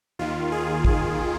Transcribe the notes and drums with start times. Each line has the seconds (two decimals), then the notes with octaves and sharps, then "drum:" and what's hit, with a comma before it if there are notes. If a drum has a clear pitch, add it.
0.19 D#2 D#3 F4
0.52 G#4
0.85 G#4, drum: kick